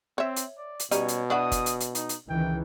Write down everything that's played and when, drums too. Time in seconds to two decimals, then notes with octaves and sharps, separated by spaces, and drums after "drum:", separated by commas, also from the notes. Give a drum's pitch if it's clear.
0.18 C4 C#5 E5
0.36 drum: hi-hat
0.58 D5
0.80 drum: hi-hat
0.91 B2 G3 C#4 D#4 C#5, drum: hi-hat
1.08 drum: hi-hat
1.30 D4 E4 F#4 D#6
1.52 drum: kick, hi-hat
1.66 drum: hi-hat
1.80 drum: hi-hat
1.95 D#4, drum: hi-hat
2.09 drum: hi-hat
2.30 C#2 D#3 E3 G5